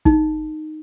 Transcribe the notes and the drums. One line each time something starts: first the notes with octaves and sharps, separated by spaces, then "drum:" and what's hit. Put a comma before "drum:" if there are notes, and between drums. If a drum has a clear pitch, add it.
D#4, drum: kick